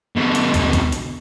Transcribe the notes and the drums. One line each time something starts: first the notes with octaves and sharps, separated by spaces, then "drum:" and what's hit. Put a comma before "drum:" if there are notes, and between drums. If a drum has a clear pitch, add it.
B2 D3
drum: hi-hat
drum: kick, hi-hat
drum: kick, hi-hat
drum: hi-hat